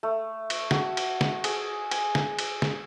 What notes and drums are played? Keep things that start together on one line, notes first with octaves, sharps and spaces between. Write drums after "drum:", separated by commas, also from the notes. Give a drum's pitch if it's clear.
A3
drum: cymbal
F#4, drum: snare
drum: cymbal
drum: snare
G#4, drum: cymbal
G#5, drum: cymbal
drum: snare
drum: cymbal
drum: snare